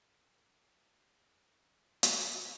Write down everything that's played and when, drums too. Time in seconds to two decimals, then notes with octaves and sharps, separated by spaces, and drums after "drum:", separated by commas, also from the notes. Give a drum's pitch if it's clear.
0.15 C#6
1.65 D#6
2.03 drum: hi-hat
2.15 F6